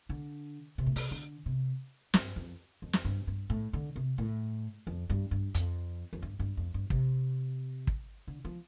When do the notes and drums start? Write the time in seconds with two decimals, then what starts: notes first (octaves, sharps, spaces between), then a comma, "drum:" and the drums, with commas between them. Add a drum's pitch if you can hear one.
0.09 D3
0.78 C3
0.86 A2
0.96 C3, drum: open hi-hat
1.11 D3
1.46 C3
2.14 G2, drum: snare
2.36 F2
2.82 F2
2.93 drum: snare
3.05 G2
3.27 G2
3.50 A2
3.73 D3
3.96 C3
4.18 A2
4.87 F2
5.10 G2
5.31 G2
5.54 F2, drum: hi-hat
6.13 F2
6.22 G2
6.39 G2
6.57 F2
6.74 G2
6.90 C3, drum: kick
7.87 drum: kick
8.27 D3
8.45 F3